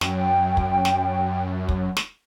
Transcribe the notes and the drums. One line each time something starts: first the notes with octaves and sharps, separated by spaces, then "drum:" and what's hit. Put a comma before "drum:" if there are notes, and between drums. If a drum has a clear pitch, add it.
F#2 G5, drum: snare
drum: kick
drum: snare
drum: kick
drum: snare